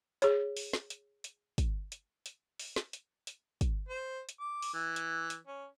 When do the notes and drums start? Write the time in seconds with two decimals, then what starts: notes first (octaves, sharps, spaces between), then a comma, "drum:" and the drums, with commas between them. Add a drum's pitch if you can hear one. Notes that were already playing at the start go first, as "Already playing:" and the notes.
0.22 G#4 C#5, drum: hi-hat
0.57 drum: open hi-hat
0.73 drum: snare
0.90 drum: hi-hat
1.24 drum: hi-hat
1.58 drum: kick, hi-hat
1.92 drum: hi-hat
2.26 drum: hi-hat
2.59 drum: open hi-hat
2.76 drum: snare
2.93 drum: hi-hat
3.27 drum: hi-hat
3.61 drum: kick, hi-hat
3.89 C5
4.29 drum: hi-hat
4.40 D6
4.62 drum: open hi-hat
4.74 E3
4.96 drum: hi-hat
5.30 drum: hi-hat
5.47 C#4